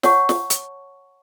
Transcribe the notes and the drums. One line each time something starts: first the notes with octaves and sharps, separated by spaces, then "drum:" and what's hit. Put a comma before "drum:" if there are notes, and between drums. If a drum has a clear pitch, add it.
C#5 F#5 A5 C#6, drum: snare
drum: snare
drum: hi-hat